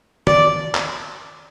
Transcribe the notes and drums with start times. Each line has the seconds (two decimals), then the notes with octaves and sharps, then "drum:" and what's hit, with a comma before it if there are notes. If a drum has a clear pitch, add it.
0.27 D5, drum: tom
0.75 drum: clap